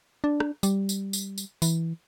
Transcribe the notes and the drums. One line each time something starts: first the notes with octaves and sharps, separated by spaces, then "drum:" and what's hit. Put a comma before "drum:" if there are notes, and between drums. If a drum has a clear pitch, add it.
D4
drum: rim click
G3, drum: tambourine
drum: tambourine
drum: tambourine
drum: tambourine
E3, drum: tambourine